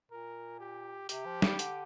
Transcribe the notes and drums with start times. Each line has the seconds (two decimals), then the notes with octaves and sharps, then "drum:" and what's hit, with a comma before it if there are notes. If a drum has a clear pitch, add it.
0.11 A#2 A#4
0.60 G4
1.09 C3 G4, drum: hi-hat
1.26 F3
1.42 G3, drum: snare
1.59 D3, drum: hi-hat